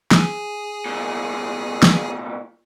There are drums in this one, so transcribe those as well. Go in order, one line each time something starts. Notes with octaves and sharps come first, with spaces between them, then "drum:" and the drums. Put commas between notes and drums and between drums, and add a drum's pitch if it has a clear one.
G#4 G#5, drum: snare
C2 A#2
drum: snare